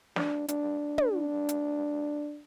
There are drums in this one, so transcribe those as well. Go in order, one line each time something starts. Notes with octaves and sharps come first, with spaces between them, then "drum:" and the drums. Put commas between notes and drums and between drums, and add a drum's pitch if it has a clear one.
D4, drum: snare
D4, drum: hi-hat
drum: tom
D4
drum: hi-hat